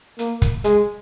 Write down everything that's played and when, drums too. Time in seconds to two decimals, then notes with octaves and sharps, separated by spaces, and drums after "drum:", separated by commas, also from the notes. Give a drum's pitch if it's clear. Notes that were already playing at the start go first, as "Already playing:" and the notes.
0.19 A#3, drum: hi-hat
0.42 drum: kick, hi-hat
0.64 G#3, drum: hi-hat